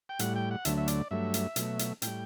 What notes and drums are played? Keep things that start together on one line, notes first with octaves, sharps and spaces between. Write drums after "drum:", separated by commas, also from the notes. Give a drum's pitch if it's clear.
G5
A2 G3 F#5, drum: hi-hat
G5
F#5
D2 D3 F#3 A3 E5, drum: hi-hat
E5
D5, drum: hi-hat
G2 F#3 A3 E5
drum: hi-hat
B2 F#3 A3, drum: hi-hat
drum: hi-hat
A2 G3 G5, drum: hi-hat